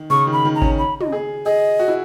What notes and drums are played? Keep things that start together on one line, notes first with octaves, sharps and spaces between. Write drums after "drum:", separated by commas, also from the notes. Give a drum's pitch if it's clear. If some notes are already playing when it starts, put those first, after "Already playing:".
Already playing: D#3
C#3 C#6
D#3
B5
D#3
A#5
C#4, drum: kick G#1
B5
D#5, drum: tom
G#4
G#4 D#5
F#4
E4